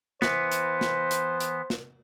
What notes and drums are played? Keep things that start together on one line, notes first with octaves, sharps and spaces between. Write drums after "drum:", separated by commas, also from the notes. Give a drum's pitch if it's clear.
E3 B3 C5, drum: snare
drum: hi-hat
drum: snare
drum: hi-hat
drum: hi-hat
drum: snare